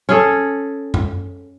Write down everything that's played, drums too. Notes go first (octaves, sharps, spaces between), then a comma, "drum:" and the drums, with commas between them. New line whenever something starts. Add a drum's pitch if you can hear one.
C#4 G#4 A4
drum: tom F#2